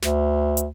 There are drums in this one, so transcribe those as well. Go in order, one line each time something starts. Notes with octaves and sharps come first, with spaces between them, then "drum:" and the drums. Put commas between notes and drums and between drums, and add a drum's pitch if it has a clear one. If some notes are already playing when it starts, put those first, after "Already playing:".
D2, drum: snare
drum: hi-hat